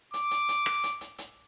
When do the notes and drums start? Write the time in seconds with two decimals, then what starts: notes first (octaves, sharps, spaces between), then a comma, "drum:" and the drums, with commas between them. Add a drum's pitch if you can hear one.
0.13 D6, drum: hi-hat
0.31 drum: hi-hat
0.48 drum: hi-hat
0.66 drum: rim click
0.83 drum: hi-hat
1.01 drum: hi-hat
1.18 drum: hi-hat